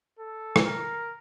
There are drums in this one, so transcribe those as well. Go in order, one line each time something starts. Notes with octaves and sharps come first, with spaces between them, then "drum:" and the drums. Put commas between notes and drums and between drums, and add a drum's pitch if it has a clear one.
A4
drum: rim click
A#4